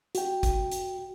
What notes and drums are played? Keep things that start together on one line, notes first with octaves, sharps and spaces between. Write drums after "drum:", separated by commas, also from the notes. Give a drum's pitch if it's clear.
F#4 G5, drum: hi-hat
drum: kick, hi-hat
drum: hi-hat